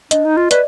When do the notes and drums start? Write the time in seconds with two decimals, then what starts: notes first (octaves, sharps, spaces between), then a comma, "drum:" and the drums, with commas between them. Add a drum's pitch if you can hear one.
0.11 D4 D#5, drum: hi-hat
0.25 D#4
0.37 F4
0.51 B4 D5, drum: hi-hat